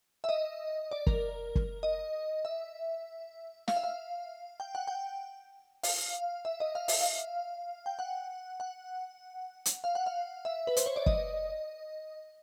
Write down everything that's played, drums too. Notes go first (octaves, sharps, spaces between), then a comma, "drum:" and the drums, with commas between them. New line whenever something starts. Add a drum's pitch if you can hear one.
E5
D#5
D5
A#4, drum: kick
drum: kick
D#5
E5
F5, drum: snare
E5
F5
G5
F#5
G5
F5, drum: open hi-hat
E5
D#5
F5
E5, drum: open hi-hat
F5
G5
F#5
F#5
drum: hi-hat
F5
F#5
F5
E5
B4
C5, drum: hi-hat
C#5
D5
D#5, drum: kick